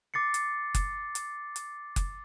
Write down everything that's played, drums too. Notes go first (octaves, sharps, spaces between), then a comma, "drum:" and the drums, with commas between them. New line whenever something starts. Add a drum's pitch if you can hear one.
D6 A6 C7 C#7
drum: hi-hat
drum: kick F#1, hi-hat
drum: hi-hat
drum: hi-hat
drum: kick F#1, hi-hat